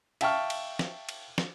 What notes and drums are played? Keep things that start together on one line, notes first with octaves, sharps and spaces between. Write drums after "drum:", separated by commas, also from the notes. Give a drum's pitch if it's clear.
E5 F5 G5 A5 C#6 F6, drum: cymbal
drum: cymbal
drum: snare
drum: cymbal
drum: snare